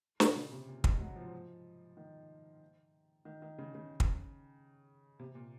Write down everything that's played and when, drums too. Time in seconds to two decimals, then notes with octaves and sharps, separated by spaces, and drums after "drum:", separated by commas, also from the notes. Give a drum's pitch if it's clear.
0.20 A#2, drum: snare
0.36 C#3
0.52 C3
0.69 A#2
0.84 G#2, drum: kick
1.00 F#3
1.16 F3
1.97 D#3
3.25 D#3
3.42 D#3
3.58 C#3
3.75 C#3
4.00 drum: kick
5.20 C3
5.35 A#2